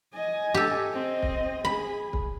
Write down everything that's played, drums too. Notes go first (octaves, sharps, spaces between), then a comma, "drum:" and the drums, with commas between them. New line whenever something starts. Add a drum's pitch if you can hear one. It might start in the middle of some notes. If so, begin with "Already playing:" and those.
D#5 G#5
G4 A4
C4 D#5
drum: kick
G#4 B5
drum: kick